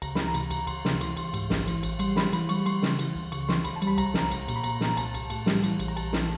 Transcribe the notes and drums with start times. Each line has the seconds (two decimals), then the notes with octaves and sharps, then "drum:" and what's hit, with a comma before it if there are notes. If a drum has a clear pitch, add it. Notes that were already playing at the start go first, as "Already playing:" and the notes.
0.02 C#2 A#5, drum: cymbal
0.15 E3 B5, drum: snare
0.28 A#5
0.34 C3, drum: cymbal
0.51 C#2, drum: cymbal
0.67 C#2 C6, drum: cymbal
0.85 C3, drum: snare
1.01 E3 C6, drum: cymbal
1.17 C#2, drum: cymbal
1.34 G#2, drum: cymbal
1.50 A1, drum: snare
1.67 E3, drum: cymbal
1.83 A1, drum: cymbal
1.99 G3 C6, drum: cymbal
2.16 G3 B5, drum: snare
2.33 E3 B5, drum: cymbal
2.49 G3 C#6, drum: cymbal
2.66 G3 C6, drum: cymbal
2.83 C#3, drum: snare
2.99 E3, drum: cymbal
3.15 C#2
3.32 C#3 C#6, drum: cymbal
3.49 E3 C6, drum: snare
3.64 C#2 B5, drum: cymbal
3.76 A5
3.82 G3, drum: cymbal
3.87 B5
3.98 C2 A#5, drum: cymbal
4.14 C2, drum: snare
4.31 C2, drum: cymbal
4.48 A#2, drum: cymbal
4.56 B5
4.64 A#2 A#5, drum: cymbal
4.81 A#2, drum: snare
4.97 C2 A5, drum: cymbal
5.14 C2, drum: cymbal
5.30 A2, drum: cymbal
5.46 G3, drum: snare
5.63 E3, drum: cymbal
5.80 A#1, drum: cymbal
5.88 A#5
5.97 A#1 A5, drum: cymbal
6.13 E3, drum: snare